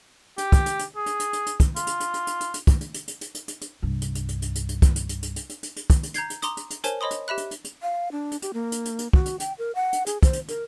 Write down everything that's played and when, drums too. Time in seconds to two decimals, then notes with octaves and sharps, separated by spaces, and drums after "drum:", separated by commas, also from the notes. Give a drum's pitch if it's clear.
0.38 G4, drum: hi-hat
0.52 drum: kick, hi-hat
0.66 drum: hi-hat
0.79 drum: hi-hat
0.96 G#4
1.06 drum: hi-hat
1.20 drum: hi-hat
1.33 drum: hi-hat
1.46 drum: hi-hat
1.60 drum: kick, hi-hat
1.76 F4, drum: hi-hat
1.87 drum: hi-hat
2.00 drum: hi-hat
2.14 drum: hi-hat
2.27 drum: hi-hat
2.40 drum: hi-hat
2.54 drum: hi-hat
2.67 drum: kick, hi-hat
2.81 drum: hi-hat
2.94 drum: hi-hat
3.08 drum: hi-hat
3.21 drum: hi-hat
3.34 drum: hi-hat
3.48 drum: hi-hat
3.61 drum: hi-hat
3.82 C2 G2
4.02 drum: hi-hat
4.15 drum: hi-hat
4.29 drum: hi-hat
4.42 drum: hi-hat
4.55 drum: hi-hat
4.69 drum: hi-hat
4.82 drum: kick, hi-hat
4.96 drum: hi-hat
5.09 drum: hi-hat
5.23 drum: hi-hat
5.36 drum: hi-hat
5.49 drum: hi-hat
5.63 drum: hi-hat
5.76 drum: hi-hat
5.90 drum: kick, hi-hat
6.03 drum: hi-hat
6.14 A#5 G6 G#6 C7, drum: hi-hat
6.30 drum: hi-hat
6.42 A#5 C6 D6 D#6, drum: hi-hat
6.57 drum: hi-hat
6.70 drum: hi-hat
6.84 A#4 C5 C#5 G#5 A5, drum: hi-hat
7.01 C#5 D#5 B5 C6 D#6
7.11 drum: hi-hat
7.28 G4 E5 B5 F#6
7.37 drum: hi-hat
7.51 drum: hi-hat
7.64 drum: hi-hat
7.82 F5
8.12 D4
8.32 drum: hi-hat
8.42 G4, drum: hi-hat
8.54 A#3
8.72 drum: hi-hat
8.85 drum: hi-hat
8.99 drum: hi-hat
9.13 F#4, drum: kick
9.26 drum: hi-hat
9.40 G5, drum: hi-hat
9.58 A#4
9.75 F#5
9.93 drum: hi-hat
10.06 G#4, drum: hi-hat
10.23 C5, drum: kick, hi-hat
10.33 drum: hi-hat
10.48 A#4, drum: hi-hat